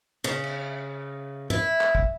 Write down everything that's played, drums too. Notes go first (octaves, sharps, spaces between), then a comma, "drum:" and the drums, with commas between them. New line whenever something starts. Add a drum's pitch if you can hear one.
C#3
drum: cymbal
E4, drum: tom G#2
drum: clap
drum: kick